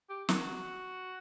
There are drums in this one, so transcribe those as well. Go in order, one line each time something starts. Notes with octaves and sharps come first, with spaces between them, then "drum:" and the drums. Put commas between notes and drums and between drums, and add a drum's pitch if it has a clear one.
G4
F#4, drum: snare